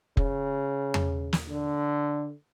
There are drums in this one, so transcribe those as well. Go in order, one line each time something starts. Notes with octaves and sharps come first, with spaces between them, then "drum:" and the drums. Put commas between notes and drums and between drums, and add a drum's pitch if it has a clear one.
C#3, drum: kick F1
drum: tom E2
drum: snare
D3